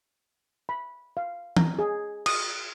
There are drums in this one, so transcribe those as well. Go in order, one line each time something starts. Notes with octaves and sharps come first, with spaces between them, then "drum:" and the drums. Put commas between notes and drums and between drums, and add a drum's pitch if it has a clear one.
B5
F5
A#5, drum: tom E3
G#4
D#6, drum: cymbal